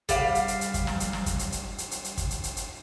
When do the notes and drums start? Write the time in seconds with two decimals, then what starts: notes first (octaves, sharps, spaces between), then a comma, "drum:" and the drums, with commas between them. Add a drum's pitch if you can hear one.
0.09 G3 F5, drum: kick, hi-hat
0.35 drum: hi-hat
0.48 drum: hi-hat
0.61 drum: hi-hat
0.74 drum: kick, hi-hat
0.87 drum: snare
1.00 drum: hi-hat
1.13 drum: snare
1.26 drum: kick, hi-hat
1.39 drum: hi-hat
1.52 drum: hi-hat
1.78 drum: hi-hat
1.91 drum: hi-hat
2.04 drum: hi-hat
2.17 drum: kick, hi-hat
2.31 drum: hi-hat
2.44 drum: hi-hat
2.57 drum: hi-hat